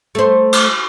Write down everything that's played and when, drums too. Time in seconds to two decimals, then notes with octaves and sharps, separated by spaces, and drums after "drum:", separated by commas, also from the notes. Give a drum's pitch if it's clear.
0.15 A3 C5
0.53 drum: cymbal